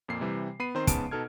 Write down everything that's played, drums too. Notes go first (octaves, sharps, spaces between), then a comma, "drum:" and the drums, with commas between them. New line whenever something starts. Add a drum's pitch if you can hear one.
F2 A#2 A#3 C7
C3 E3 G3
B3 B5 C7 D#7
D#3 C4 C5 A#5
G#2 C#3 B3 A5 D7, drum: kick, hi-hat
B2 D#4 A4 F6 G#6